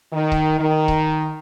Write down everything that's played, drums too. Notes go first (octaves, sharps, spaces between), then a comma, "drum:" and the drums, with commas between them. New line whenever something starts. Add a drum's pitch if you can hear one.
D#3
drum: kick C#1
D#3
drum: kick C#1